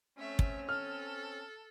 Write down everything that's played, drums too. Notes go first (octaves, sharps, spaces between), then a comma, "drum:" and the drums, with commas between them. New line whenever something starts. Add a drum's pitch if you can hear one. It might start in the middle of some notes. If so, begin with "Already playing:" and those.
A3 C4 C#4 E5
drum: kick
A4 F6